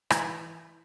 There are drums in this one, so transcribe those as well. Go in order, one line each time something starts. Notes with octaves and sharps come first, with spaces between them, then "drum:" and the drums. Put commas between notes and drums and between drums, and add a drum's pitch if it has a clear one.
E3 A#5, drum: rim click